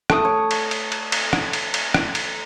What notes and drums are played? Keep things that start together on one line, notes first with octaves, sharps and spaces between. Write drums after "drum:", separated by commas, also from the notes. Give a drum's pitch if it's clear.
A3 D#6, drum: rim click
C#5
drum: cymbal
drum: cymbal
drum: cymbal
drum: cymbal
drum: rim click
drum: cymbal
drum: cymbal
drum: rim click
drum: cymbal